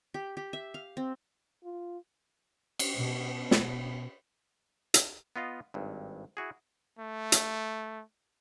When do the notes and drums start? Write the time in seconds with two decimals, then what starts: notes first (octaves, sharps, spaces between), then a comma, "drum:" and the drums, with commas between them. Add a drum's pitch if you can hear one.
0.14 G4
0.37 G4
0.53 E5
0.74 F5
0.97 C4
1.64 F4
2.79 drum: cymbal
2.95 B2
3.51 drum: snare
4.94 drum: hi-hat
5.36 B3 F4 D#5 F5
5.74 G#1 G2
6.37 E4 F#4 G#4
6.99 A3
7.32 drum: hi-hat